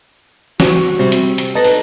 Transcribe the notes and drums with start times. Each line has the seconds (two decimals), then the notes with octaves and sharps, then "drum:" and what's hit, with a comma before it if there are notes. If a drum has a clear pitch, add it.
0.60 F#4, drum: snare
0.79 G3
0.99 C3 G3 C4
1.12 drum: hi-hat
1.38 drum: hi-hat
1.55 D4 D#4 A4 B4 A5 A#6
1.64 drum: open hi-hat